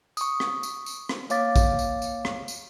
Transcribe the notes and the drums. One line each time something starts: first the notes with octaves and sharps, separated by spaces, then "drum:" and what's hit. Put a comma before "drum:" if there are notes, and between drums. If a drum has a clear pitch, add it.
C#6 D#6, drum: tambourine
drum: rim click
drum: tambourine
drum: tambourine
drum: rim click
A#3 C#5 F5 D6 A6, drum: tambourine
drum: kick, tambourine
drum: tambourine
drum: tambourine
drum: rim click
drum: tambourine